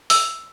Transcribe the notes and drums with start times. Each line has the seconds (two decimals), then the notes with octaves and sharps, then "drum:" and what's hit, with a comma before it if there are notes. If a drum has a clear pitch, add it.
0.10 E6, drum: open hi-hat